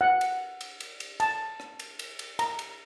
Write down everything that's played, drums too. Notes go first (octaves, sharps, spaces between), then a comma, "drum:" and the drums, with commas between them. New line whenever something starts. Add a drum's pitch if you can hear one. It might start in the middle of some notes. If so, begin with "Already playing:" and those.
F#5
drum: cymbal
drum: cymbal
drum: cymbal
drum: cymbal
A5, drum: cymbal
drum: rim click
drum: cymbal
drum: cymbal
drum: cymbal
A#5, drum: cymbal
drum: cymbal